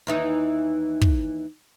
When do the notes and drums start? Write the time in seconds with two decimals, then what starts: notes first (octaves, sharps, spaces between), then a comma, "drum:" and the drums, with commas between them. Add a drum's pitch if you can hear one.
0.07 D#2 E3 D#4
1.01 drum: kick